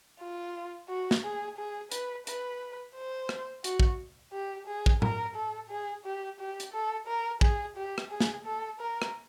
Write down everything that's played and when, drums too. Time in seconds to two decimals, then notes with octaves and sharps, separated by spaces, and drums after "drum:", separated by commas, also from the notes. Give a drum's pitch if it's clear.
0.20 F4
0.89 F#4
1.11 drum: snare
1.24 G#4
1.57 G#4
1.92 B4, drum: hi-hat
2.27 B4, drum: hi-hat
2.95 C5
3.29 drum: rim click
3.64 F#4, drum: hi-hat
3.80 drum: kick
4.33 G4
4.66 G#4
4.86 drum: kick
5.02 A#4, drum: tom A2
5.35 A4
5.69 G#4
6.05 G4
6.39 G4
6.60 drum: hi-hat
6.73 A4
7.07 A#4
7.41 G#4, drum: kick
7.76 G4
7.98 drum: rim click
8.11 G#4
8.20 drum: snare
8.45 A4
8.80 A#4
9.02 drum: rim click